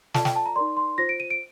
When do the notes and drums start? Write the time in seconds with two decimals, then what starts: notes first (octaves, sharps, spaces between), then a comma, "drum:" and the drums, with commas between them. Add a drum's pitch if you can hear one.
0.14 F4 A4 D5 A5, drum: snare
0.25 G5, drum: snare
0.36 A5
0.46 A#5
0.56 D#4 A#4 D5 C6
0.77 C6
0.98 F4 C5 A#6
1.09 D7
1.20 D#7
1.30 D7